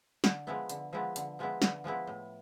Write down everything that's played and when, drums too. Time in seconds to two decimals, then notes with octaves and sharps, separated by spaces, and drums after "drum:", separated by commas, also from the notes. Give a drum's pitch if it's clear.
0.24 D3, drum: snare
0.47 F3 G#3 B3 E4
0.69 D3, drum: hi-hat
0.93 F3 G#3 B3 E4
1.16 D3, drum: hi-hat
1.39 F3 G#3 B3 E4
1.62 D3, drum: snare
1.84 F3 G#3 B3 E4
2.07 A2